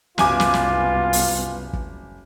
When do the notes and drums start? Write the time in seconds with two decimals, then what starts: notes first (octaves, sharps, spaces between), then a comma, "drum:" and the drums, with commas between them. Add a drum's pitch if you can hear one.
0.18 F#1 C2 B3 F4 G#5 D6, drum: snare
0.40 drum: snare
0.54 drum: snare
1.13 drum: open hi-hat
1.73 drum: kick